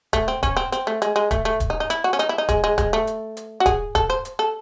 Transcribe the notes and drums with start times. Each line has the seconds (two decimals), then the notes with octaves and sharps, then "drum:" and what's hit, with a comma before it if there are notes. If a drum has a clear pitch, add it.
0.13 A3, drum: kick, hi-hat
0.28 C4
0.43 C#4, drum: kick, hi-hat
0.57 C4
0.72 C4, drum: hi-hat
0.87 A3
1.02 G#3, drum: hi-hat
1.16 G#3
1.31 A3, drum: kick, hi-hat
1.45 A3
1.60 drum: kick, hi-hat
1.70 D#4
1.80 D#4
1.90 E4, drum: hi-hat
2.04 F#4
2.13 C#4
2.19 D#4, drum: hi-hat
2.29 E4
2.38 D#4
2.49 G#3, drum: kick, hi-hat
2.64 G#3
2.78 G#3, drum: kick, hi-hat
2.93 A3
3.07 drum: hi-hat
3.37 drum: hi-hat
3.60 F#4
3.66 G#4, drum: kick, hi-hat
3.95 A4, drum: kick, hi-hat
4.10 C5
4.25 drum: hi-hat
4.39 A4